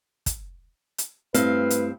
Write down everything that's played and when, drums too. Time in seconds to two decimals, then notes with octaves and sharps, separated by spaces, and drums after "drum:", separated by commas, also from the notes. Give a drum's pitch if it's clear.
0.26 drum: kick, hi-hat
0.98 drum: hi-hat
1.34 G2 A3 C4 E4 B4 F5, drum: hi-hat
1.70 drum: hi-hat